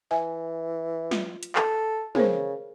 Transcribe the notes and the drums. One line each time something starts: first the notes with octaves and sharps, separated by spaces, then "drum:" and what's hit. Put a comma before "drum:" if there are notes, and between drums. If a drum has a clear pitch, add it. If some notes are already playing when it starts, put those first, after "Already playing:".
E3 E5 G#5
F4, drum: snare
drum: hi-hat
A4, drum: clap
C#3 G#4 A#4 C5, drum: tom